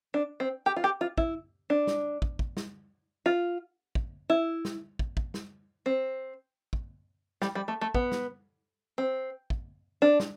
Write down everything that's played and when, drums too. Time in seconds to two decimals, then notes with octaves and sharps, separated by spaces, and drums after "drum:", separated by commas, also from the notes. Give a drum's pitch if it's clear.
0.14 D4
0.40 C4
0.66 G4
0.76 F4
0.84 G4
1.01 F4
1.18 E4, drum: kick
1.70 D4
1.87 drum: snare
2.22 drum: kick
2.39 drum: kick
2.57 drum: snare
3.26 F4
3.95 drum: kick
4.30 E4
4.65 drum: snare
4.99 drum: kick
5.17 drum: kick
5.34 drum: snare
5.86 C4
6.73 drum: kick
7.42 G3, drum: snare
7.55 G3
7.68 A3
7.81 A3
7.94 B3, drum: kick
8.12 drum: snare
8.98 C4
9.50 drum: kick
10.02 D4
10.20 drum: snare